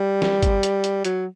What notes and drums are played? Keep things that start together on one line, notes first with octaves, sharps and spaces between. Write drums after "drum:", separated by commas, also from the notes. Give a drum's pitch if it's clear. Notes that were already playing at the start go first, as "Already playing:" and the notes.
Already playing: G3
drum: snare
drum: kick G#1, hi-hat
drum: hi-hat
drum: hi-hat
F#3, drum: hi-hat